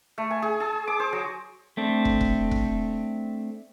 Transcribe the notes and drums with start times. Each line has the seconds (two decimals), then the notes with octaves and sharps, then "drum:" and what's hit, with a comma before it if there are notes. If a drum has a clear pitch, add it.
0.18 A3
0.31 G#5
0.42 G#4
0.60 G#4
0.87 D6
1.00 C5
1.13 F#3
1.77 A3 C4 D4
2.05 drum: kick
2.21 drum: kick
2.51 drum: kick